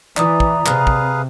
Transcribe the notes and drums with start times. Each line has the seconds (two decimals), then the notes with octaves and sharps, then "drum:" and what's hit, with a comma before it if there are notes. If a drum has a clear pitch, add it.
0.17 E3 D5 A#5 D#6, drum: clap
0.40 drum: kick
0.66 C3 G#4 B4 F5, drum: clap
0.87 drum: kick